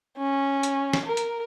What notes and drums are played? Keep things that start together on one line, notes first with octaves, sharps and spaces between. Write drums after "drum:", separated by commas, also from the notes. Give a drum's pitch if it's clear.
C#4
drum: hi-hat
drum: snare
A#4
drum: hi-hat